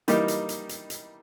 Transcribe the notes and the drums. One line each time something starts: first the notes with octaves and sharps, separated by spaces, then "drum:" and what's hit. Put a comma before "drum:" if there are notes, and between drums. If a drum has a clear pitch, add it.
E3 G3 A#3 D#4 G4, drum: hi-hat
drum: hi-hat
drum: hi-hat
drum: hi-hat
drum: hi-hat